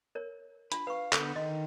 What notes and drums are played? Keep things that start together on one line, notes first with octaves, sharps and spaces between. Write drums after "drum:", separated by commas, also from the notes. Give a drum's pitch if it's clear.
A#4 C#5
D4 F4 B5, drum: hi-hat
B4 F5 C#6
D3 B3 A4 G6, drum: clap
D#3 D#5 C6